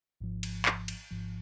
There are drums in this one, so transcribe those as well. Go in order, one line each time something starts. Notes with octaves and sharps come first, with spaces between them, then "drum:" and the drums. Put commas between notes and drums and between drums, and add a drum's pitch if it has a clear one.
G#1 G#2 F3
drum: cymbal
drum: clap
drum: cymbal
G#1 G#2 F3